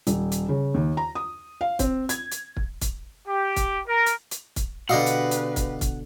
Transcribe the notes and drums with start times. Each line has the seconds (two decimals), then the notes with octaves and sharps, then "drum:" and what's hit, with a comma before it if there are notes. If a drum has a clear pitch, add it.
0.07 D#1, drum: hi-hat
0.32 drum: hi-hat
0.49 C#3
0.74 D#2
0.97 A#5
1.15 D#6
1.61 F5
1.79 C4, drum: kick, hi-hat
2.09 G#6, drum: hi-hat
2.32 drum: hi-hat
2.57 drum: kick
2.81 drum: kick, hi-hat
3.27 G4
3.56 drum: kick, hi-hat
3.87 A#4
4.06 drum: hi-hat
4.31 drum: hi-hat
4.56 drum: kick, hi-hat
4.89 B2 D3 G4 B4 D5 D#5 F5 F#5
5.06 drum: hi-hat
5.31 drum: hi-hat
5.56 drum: kick, hi-hat
5.81 drum: kick, hi-hat